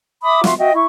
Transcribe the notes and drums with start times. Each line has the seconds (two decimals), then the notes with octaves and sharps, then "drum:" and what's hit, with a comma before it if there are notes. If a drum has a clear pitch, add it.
0.23 E5 B5 D6 D#6
0.44 F4 F#4 E5 C6, drum: snare
0.58 F#4 D#5 E5 G5
0.73 E4 C#6